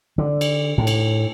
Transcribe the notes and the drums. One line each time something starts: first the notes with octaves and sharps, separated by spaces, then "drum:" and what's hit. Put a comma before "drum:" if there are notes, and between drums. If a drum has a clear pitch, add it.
D3
drum: cymbal
A2
drum: cymbal